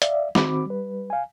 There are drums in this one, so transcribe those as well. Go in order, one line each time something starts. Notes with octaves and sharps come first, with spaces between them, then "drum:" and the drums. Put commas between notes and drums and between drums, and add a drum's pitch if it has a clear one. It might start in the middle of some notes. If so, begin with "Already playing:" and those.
D5 E5 F5, drum: hi-hat
D#3 C4 F#4 B5 D6, drum: snare
G3 B4
F5 G#5